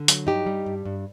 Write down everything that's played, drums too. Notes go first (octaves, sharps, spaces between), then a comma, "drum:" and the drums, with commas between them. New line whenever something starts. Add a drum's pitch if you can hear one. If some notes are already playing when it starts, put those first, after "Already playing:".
Already playing: D3
F#3, drum: hi-hat
G2 D#4 G4
G3
G2
G2